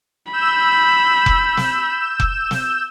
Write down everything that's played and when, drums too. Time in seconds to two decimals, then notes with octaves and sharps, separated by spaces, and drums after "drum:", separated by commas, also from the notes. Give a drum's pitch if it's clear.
0.33 B5 E6 G6 E7
1.26 drum: kick F1
1.57 drum: snare
2.20 drum: kick F1
2.51 drum: snare